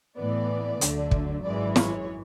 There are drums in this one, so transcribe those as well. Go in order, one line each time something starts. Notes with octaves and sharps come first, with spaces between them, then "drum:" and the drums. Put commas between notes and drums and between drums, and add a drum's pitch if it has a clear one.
A2 E3 B3 D5
D2 D3 F#3 A3, drum: hi-hat
drum: kick
G#1 F#2 E3 G#3 D5
C#5, drum: snare